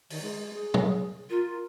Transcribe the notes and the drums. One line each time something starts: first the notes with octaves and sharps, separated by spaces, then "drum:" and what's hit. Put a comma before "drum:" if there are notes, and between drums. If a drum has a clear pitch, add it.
D#3, drum: open hi-hat
G#3
G#4
drum: tom
F4 A#4